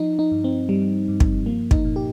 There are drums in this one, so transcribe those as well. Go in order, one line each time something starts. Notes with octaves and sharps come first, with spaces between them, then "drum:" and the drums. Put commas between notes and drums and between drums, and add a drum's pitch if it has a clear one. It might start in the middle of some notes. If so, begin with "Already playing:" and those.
Already playing: F3 D#4
D#4
G2
C4
G2 G3
G2
drum: kick
F3 A#3
D#4, drum: kick
A#2
G4